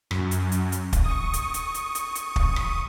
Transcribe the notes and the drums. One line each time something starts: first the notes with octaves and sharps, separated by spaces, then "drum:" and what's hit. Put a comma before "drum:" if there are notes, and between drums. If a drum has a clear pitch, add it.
F#2, drum: rim click
drum: hi-hat
drum: hi-hat
drum: hi-hat
drum: kick, hi-hat
C#6 D#6
drum: hi-hat
drum: hi-hat
drum: hi-hat
drum: hi-hat
drum: hi-hat
drum: kick
drum: rim click